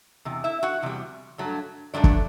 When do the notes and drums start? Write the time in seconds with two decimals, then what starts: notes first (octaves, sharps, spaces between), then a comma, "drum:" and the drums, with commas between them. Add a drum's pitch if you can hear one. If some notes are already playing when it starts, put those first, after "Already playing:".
0.25 E2 C3
0.44 E4 E5
0.63 F#4 F#5
0.82 E2 C3 G3
1.38 G2 F#3 A3
1.94 G2 F#3 A3 D4 D5
2.04 drum: kick